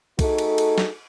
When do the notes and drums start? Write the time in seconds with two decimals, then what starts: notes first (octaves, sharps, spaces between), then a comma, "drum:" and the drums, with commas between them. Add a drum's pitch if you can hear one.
0.19 A3 D#4 F#4 G#4 A4, drum: kick, cymbal
0.38 drum: cymbal
0.58 drum: cymbal
0.78 drum: snare